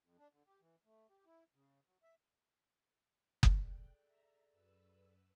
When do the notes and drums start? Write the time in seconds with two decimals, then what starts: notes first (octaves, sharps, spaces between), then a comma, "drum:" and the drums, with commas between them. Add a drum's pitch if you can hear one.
0.03 F2
0.19 D4
0.33 D3
0.47 G4
0.60 E3
0.85 A3
1.10 G4
1.25 E4
1.55 C#3
1.86 F#3
2.03 E5
3.43 drum: kick F#1
3.52 G#4 A4 D5 G5 F#6
4.02 E5 A#5
4.48 F#2 B4 E6